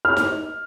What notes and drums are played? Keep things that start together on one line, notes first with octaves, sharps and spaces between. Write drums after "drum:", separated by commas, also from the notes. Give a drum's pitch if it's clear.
F6
drum: snare D#4